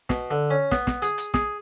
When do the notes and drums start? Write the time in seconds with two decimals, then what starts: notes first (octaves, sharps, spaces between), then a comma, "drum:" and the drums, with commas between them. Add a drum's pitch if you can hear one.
0.09 B2, drum: snare
0.31 D3
0.51 C#4
0.72 B3, drum: snare
0.87 drum: snare
1.02 G#4, drum: hi-hat
1.18 drum: hi-hat
1.34 G#4, drum: snare